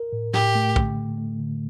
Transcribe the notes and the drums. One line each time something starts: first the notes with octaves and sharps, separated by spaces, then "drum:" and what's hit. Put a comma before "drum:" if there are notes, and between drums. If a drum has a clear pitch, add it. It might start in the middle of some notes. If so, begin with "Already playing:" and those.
Already playing: A#4
A2
A2 G4, drum: snare
A3
D3, drum: kick
A3
A3
D3